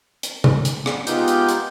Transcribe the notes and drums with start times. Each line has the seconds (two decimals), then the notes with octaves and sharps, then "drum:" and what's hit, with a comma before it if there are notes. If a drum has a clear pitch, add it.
0.23 drum: hi-hat
0.44 drum: tom
0.65 drum: hi-hat
0.86 drum: rim click
1.07 G#3 B3 D#4 F4 G4 G6, drum: hi-hat
1.28 drum: hi-hat
1.49 drum: hi-hat